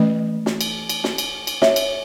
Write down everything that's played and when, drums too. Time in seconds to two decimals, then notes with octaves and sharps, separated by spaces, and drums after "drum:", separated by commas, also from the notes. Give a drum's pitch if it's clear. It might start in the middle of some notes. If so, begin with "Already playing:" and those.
Already playing: E3 A3 C#4 B4 D#5
0.46 drum: snare
0.61 drum: cymbal
0.89 drum: cymbal
1.04 drum: snare
1.18 drum: cymbal
1.47 drum: cymbal
1.62 C#5 E5, drum: snare
1.76 drum: cymbal